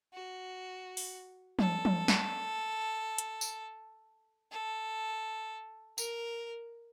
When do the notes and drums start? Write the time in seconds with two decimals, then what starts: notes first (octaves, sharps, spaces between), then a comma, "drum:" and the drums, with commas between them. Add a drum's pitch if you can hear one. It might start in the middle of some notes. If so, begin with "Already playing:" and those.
0.14 F#4
0.97 drum: open hi-hat
1.59 A4, drum: tom
1.85 drum: tom
2.08 drum: snare
3.18 drum: hi-hat
3.41 drum: tambourine
4.51 A4
5.98 A#4, drum: tambourine